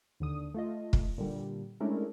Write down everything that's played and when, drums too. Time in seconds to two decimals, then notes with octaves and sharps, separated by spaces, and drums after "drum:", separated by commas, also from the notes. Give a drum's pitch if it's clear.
0.20 D#2 D3 D#6
0.54 A3 F4 D#5
0.93 drum: kick
1.18 A#2 D3 G3
1.80 G#3 A3 C#4 D4 E4 A#4